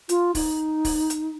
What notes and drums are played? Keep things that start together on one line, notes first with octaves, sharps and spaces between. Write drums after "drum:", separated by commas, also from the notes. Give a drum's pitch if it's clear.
F4, drum: hi-hat
D#4, drum: kick, open hi-hat
drum: kick, open hi-hat
drum: hi-hat